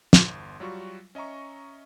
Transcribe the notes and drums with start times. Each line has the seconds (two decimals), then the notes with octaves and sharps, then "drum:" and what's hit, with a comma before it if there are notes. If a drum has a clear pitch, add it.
0.13 G1 E2 C6, drum: snare
0.60 F#3 G3 F4 F#4 C#6
1.15 C#4 D#5 E5 A#5 C#6